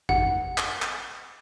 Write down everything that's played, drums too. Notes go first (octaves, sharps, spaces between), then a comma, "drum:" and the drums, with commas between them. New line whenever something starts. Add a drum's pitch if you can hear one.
F#5, drum: kick G#1
drum: clap
drum: clap